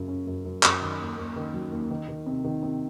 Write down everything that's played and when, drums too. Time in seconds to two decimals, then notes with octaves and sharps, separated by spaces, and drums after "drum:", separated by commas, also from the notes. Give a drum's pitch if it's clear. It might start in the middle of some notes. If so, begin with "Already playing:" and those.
Already playing: F#2 C#3
0.08 C#4
0.27 F#2
0.45 F#2
0.63 F#2, drum: clap
0.81 D#3
1.00 D#2
1.17 D#2
1.36 D#3
1.54 F#3
1.72 D#2
1.90 D#3
2.08 D#3
2.26 C3
2.44 D#3
2.63 C3